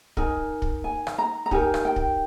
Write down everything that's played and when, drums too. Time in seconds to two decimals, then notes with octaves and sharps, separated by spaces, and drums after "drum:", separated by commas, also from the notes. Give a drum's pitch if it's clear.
0.17 D#4 A#4 G#5, drum: kick
0.62 drum: kick
0.84 G#5
1.07 drum: rim click
1.18 A#5
1.46 A#5
1.51 D#4 G4 A#4 G#5, drum: kick
1.74 drum: rim click
1.85 G5
1.96 drum: kick